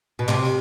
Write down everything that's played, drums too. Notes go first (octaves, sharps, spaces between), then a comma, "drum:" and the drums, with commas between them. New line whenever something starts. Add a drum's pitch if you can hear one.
B2
C3, drum: clap
drum: cymbal